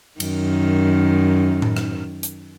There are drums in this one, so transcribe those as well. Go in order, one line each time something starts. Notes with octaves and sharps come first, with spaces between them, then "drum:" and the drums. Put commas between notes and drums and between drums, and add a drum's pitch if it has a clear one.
F#2 D#3, drum: cymbal
drum: tom A2
drum: rim click
drum: hi-hat